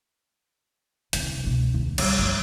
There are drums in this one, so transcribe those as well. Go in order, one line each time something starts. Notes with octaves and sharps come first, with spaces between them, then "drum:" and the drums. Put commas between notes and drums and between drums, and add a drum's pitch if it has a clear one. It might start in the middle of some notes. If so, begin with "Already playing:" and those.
C2 C#3, drum: hi-hat
C#2 B2
D#2
C#3 G3, drum: cymbal
G1 F3